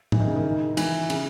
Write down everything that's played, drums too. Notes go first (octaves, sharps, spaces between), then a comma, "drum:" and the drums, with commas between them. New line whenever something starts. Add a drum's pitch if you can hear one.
E3, drum: tom A2
D#3
C#3
D#3
E3, drum: cymbal
C#3, drum: cymbal